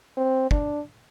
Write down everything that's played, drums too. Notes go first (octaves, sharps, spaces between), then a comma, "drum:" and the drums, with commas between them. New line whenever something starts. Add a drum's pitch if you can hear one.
C4
D4, drum: kick